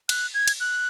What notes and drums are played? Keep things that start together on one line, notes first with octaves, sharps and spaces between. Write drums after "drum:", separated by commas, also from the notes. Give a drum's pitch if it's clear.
F#6, drum: cymbal
G#6
drum: cymbal
F#6